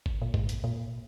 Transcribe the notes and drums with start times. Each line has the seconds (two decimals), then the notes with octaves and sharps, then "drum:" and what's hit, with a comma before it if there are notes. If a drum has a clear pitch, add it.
0.06 drum: kick G#1
0.22 A#2
0.34 G#2, drum: kick G#1
0.49 drum: hi-hat
0.64 A#2